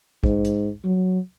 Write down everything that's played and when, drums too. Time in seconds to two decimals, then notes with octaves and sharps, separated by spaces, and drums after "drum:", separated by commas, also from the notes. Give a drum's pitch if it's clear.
0.23 G#2, drum: kick
0.45 drum: hi-hat
0.84 F#3